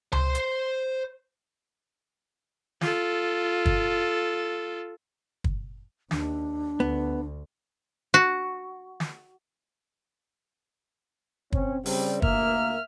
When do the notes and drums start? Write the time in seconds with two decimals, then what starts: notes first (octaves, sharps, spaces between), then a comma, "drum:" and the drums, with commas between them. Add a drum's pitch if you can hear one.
0.12 C5 C6, drum: tom C#2
0.35 drum: hi-hat
2.81 F4 A4, drum: snare
3.66 drum: kick
5.44 drum: kick
6.11 D#2 D4, drum: snare
6.80 D2 B3
8.14 F#4
9.00 drum: snare
11.52 C4 C#4, drum: kick
11.86 C#3 G3 C4, drum: open hi-hat
12.22 D2 A#3 E5 F6, drum: kick